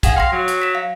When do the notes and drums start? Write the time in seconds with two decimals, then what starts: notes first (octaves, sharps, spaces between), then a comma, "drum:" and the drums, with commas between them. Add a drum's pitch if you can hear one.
0.03 G#4 F5 F#5 E7, drum: kick, hi-hat
0.16 F5 G5 C6 A#6
0.32 F#3
0.48 drum: hi-hat
0.62 B6 E7
0.75 F5